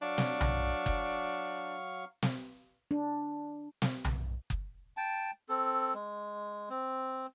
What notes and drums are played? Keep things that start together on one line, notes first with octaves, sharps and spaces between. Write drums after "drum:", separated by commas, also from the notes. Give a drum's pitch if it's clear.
F#3 D4 F5 C#6
drum: snare
drum: tom B1
drum: kick F#1
drum: snare
D4
drum: snare
drum: tom B1
drum: kick F#1
G5 A5
C4 A4
G#3
C4